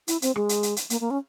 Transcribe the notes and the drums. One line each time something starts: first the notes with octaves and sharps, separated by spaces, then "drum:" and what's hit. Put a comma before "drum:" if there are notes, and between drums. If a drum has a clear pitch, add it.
E4, drum: hi-hat
C4, drum: hi-hat
G#3, drum: rim click
drum: hi-hat
drum: hi-hat
drum: hi-hat
A#3, drum: hi-hat
A#3
C#4